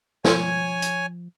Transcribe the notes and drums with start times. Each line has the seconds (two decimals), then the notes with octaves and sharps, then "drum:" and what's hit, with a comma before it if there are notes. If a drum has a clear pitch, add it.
0.24 F3 C#5 G#5, drum: snare
0.82 drum: hi-hat